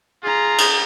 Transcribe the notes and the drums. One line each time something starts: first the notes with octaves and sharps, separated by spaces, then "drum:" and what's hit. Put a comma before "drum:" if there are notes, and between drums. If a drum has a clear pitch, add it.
F4 G#4 A#5
drum: cymbal